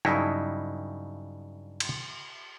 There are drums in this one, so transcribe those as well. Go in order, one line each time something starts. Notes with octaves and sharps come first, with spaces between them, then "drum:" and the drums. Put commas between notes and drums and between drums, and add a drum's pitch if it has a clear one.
G2 C#3 F#3 D#4 E4, drum: rim click
drum: cymbal